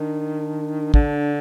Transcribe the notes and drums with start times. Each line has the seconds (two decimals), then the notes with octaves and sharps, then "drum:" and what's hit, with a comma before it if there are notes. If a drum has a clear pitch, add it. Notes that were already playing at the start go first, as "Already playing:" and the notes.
Already playing: D#3 D4
0.94 D3 D4, drum: kick